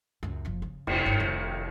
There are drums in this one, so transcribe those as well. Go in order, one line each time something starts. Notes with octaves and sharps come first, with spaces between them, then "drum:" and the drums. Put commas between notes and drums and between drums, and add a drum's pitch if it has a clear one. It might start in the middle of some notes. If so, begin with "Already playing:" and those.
C#2 F#2
F#1 F3
C#3
F1, drum: cymbal
G1 G3
F1 D#3